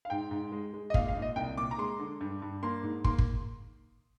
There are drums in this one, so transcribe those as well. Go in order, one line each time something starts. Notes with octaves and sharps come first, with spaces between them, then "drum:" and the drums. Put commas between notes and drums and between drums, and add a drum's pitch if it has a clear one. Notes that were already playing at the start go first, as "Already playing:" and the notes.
F5
G#2 G5
G#2
G#3
G#3
D#5
A#2 F5, drum: kick
F5
A#2
D#5
C2 G5
A#2 D6
A#5
G#3 C6
D3
G2
G2
A#3 C6
G#2
A#3 C6, drum: kick
drum: kick